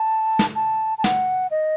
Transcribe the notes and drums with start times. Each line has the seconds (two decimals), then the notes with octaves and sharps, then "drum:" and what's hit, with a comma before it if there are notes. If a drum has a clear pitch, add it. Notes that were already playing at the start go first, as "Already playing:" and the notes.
Already playing: A5
0.39 drum: snare
0.55 A5
0.98 A5
1.04 F#5, drum: snare
1.51 D#5